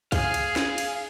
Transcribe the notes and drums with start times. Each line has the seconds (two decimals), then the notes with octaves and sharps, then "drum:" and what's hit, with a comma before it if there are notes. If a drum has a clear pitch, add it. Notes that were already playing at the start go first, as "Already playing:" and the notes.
0.12 G#4 F5, drum: kick, cymbal
0.34 drum: cymbal
0.56 drum: snare
0.78 drum: cymbal